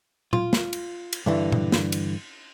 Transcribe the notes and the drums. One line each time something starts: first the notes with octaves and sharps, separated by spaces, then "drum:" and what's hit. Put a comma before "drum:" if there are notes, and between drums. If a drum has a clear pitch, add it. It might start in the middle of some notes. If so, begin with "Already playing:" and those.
F4, drum: tom A#2
drum: snare
drum: cymbal
drum: cymbal
G2 D3 E3
drum: tom A#2
drum: snare
drum: cymbal